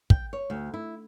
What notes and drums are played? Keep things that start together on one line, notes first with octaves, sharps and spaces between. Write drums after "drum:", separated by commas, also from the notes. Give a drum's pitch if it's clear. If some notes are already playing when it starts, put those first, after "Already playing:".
G5, drum: kick
C#5
D2
E4